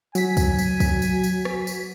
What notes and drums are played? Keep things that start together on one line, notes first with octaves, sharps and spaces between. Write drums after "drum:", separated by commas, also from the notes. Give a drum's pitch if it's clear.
F#3 G#5 B6, drum: tambourine
drum: kick, tambourine
drum: tambourine
drum: kick, tambourine
drum: tambourine
drum: tambourine
drum: rim click
drum: tambourine